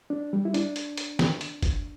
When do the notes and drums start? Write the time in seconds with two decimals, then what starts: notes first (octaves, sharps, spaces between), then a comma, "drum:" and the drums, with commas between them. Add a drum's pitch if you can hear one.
0.10 D4
0.33 G3
0.45 E4
0.54 D4, drum: hi-hat
0.76 drum: hi-hat
0.97 drum: hi-hat
1.19 drum: snare
1.41 drum: hi-hat
1.63 drum: kick, hi-hat